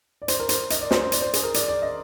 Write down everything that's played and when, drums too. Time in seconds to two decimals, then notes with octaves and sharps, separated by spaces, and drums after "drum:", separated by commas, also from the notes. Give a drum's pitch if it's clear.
0.22 D5
0.28 C5, drum: hi-hat
0.40 A#4
0.49 C5, drum: hi-hat
0.70 D#5, drum: hi-hat
0.81 D5
0.91 C5, drum: snare
1.01 C5
1.12 D5, drum: hi-hat
1.22 C5
1.33 G#4, drum: hi-hat
1.43 A#4
1.54 D5, drum: hi-hat
1.68 D5
1.82 D#5